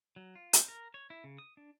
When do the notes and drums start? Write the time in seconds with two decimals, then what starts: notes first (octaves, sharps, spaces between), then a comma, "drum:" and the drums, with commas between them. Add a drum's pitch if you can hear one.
0.16 F#3
0.35 F4
0.53 C5, drum: hi-hat
0.68 A#4
0.94 C#5
1.10 E4
1.24 C#3
1.38 D#6
1.57 D4